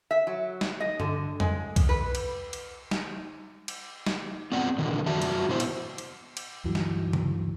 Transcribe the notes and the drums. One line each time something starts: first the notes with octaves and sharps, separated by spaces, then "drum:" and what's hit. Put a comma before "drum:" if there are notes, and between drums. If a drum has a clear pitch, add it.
E5
F#3
drum: snare
D#5
D3, drum: tom G2
G#3, drum: tom F2
drum: kick C2, cymbal
B4
drum: cymbal
drum: cymbal
drum: snare
drum: cymbal
drum: snare
B3 C4 F4 D5 F#5
A#2 D3 D#3 F3
F#2 F3 F#4 D5 E5 A5
drum: cymbal
A#2 B3 E4 C5
drum: cymbal
drum: cymbal
drum: cymbal
D2 G2 E3 F#3
drum: snare
drum: tom C#3